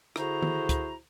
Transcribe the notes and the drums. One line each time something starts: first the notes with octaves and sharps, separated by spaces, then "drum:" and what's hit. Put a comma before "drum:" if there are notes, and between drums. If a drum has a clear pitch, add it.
D3 E4 F#4 G#4 C5 A#5, drum: rim click
drum: tom D#3
drum: kick C#2, hi-hat